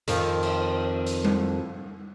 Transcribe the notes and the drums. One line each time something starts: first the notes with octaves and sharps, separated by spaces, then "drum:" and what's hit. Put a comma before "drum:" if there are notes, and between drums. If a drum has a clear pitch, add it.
F2 D#3 F3, drum: hi-hat
drum: cymbal
drum: hi-hat
drum: tom G3